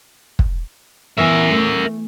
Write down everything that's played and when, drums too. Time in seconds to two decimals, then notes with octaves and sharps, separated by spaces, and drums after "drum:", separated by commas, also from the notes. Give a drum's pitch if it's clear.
0.39 drum: kick
1.18 E3 B3 A#4 E5
1.51 A3